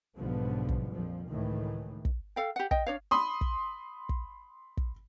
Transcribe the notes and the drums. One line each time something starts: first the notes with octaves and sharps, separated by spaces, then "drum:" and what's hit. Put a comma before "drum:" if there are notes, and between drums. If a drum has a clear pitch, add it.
B1 G#2 D3 F3 G3 B3
drum: kick
A#1 F2 F3
C#2 A2 D#3 E3
drum: kick
A4 F5 G5
G4 F#5
D#5 G5, drum: kick
D4 C#5 F5
B5 C6 D#6
drum: kick
drum: kick
drum: kick